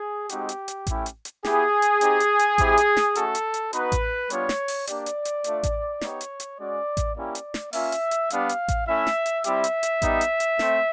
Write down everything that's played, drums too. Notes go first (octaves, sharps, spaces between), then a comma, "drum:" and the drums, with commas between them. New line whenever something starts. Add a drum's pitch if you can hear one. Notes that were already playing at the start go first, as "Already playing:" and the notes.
Already playing: G#4
G#3 C4 D#4 F#4 G4, drum: hi-hat
drum: hi-hat
drum: hi-hat
A3 C#4 E4 G4, drum: kick A1, hi-hat
drum: hi-hat
drum: hi-hat
B3 E4 G4 G#4, drum: snare
drum: hi-hat
C4 D#4 G4, drum: hi-hat
drum: hi-hat
drum: hi-hat
G#3 C4 E4 G4, drum: kick A1, hi-hat
drum: hi-hat
drum: snare
A3 C#4 F#4 A4, drum: hi-hat
drum: hi-hat
drum: hi-hat
B3 D#4 F#4 B4, drum: hi-hat
drum: kick A1, hi-hat
G3 B3 D4 F4 C#5, drum: hi-hat
drum: snare
drum: open hi-hat
A#3 D4 G4 D5, drum: hi-hat
drum: hi-hat
drum: hi-hat
A3 D4 F4, drum: hi-hat
drum: kick A1, hi-hat
B3 D#4 G4 C#5, drum: snare
drum: hi-hat
drum: hi-hat
G#3 C#4 F#4 D5
drum: kick A1, hi-hat
A#3 C#4 E4 G4 D5
drum: hi-hat
drum: snare
A#3 C#4 F4 E5, drum: open hi-hat
drum: hi-hat
drum: hi-hat
G3 B3 D4 G4 F5, drum: hi-hat
drum: hi-hat
drum: kick A1, hi-hat
A3 C#4 E4 E5
drum: snare
drum: hi-hat
G3 C4 E4 G4 E5, drum: hi-hat
drum: hi-hat
drum: hi-hat
G3 B3 D#4 G4, drum: kick A1, hi-hat
drum: hi-hat
drum: hi-hat
A3 C4, drum: snare